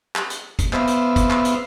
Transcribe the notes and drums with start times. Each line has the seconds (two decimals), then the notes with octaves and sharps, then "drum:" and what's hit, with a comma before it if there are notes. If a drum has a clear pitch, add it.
0.16 drum: clap
0.30 drum: hi-hat
0.59 drum: kick, hi-hat
0.73 B3 C5 E5 F5, drum: clap
0.87 drum: hi-hat
1.16 drum: kick, hi-hat
1.30 drum: clap
1.45 drum: hi-hat